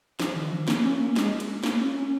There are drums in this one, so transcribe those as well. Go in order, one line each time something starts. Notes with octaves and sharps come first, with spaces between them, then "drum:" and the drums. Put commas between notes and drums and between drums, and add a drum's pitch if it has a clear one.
F3, drum: snare
D#3
F3
A#3, drum: snare
C#4
A#3
G#3, drum: snare
drum: cymbal
A#3, drum: snare
C#4
C#4